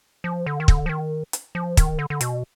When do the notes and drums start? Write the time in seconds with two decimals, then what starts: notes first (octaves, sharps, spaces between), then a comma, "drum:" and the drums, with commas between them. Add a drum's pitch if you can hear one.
0.24 F3
0.46 D3
0.60 D#3
0.68 D3, drum: kick
0.86 F3
0.89 D#3
1.33 drum: hi-hat
1.55 F3
1.77 D#3, drum: kick, hi-hat
1.99 D3
2.10 D3
2.21 B2, drum: hi-hat